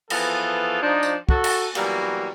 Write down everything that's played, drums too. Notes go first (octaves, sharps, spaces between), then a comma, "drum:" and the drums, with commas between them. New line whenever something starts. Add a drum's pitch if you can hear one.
E3 F3 B3 F4 G#4 A4, drum: cymbal
F3 D4 D#4
drum: tambourine
F#4 A4, drum: kick
drum: cymbal
B2 E3 F#3 G3 A#3, drum: cymbal